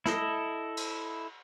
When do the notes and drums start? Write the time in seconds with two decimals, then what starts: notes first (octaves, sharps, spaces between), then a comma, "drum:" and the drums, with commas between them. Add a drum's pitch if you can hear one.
0.06 E4 A4 D#5, drum: snare
0.77 drum: cymbal